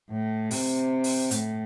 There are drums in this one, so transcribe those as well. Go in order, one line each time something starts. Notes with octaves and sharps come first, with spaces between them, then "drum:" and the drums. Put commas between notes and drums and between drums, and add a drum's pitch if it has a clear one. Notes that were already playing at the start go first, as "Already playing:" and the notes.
A2
C3, drum: open hi-hat
drum: open hi-hat
A2, drum: hi-hat